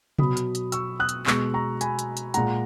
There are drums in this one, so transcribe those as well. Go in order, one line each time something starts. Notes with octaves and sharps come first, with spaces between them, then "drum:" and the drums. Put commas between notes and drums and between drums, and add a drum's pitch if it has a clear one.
B2 F#3 B5 D#6, drum: tom C3
drum: hi-hat
drum: hi-hat
C#6 E6, drum: hi-hat
D#6 F#6
drum: hi-hat
B2 G#3 C#6 E6, drum: clap
A#5 C#6
G#5 B5, drum: hi-hat
drum: hi-hat
drum: hi-hat
A#2 G#3 F#5 A#5, drum: hi-hat